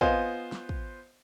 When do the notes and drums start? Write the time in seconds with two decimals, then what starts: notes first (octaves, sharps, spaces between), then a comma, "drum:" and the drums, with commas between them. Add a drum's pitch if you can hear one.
0.01 B3 F4 C5 D#5 F5 G#5, drum: kick
0.52 drum: snare
0.69 drum: kick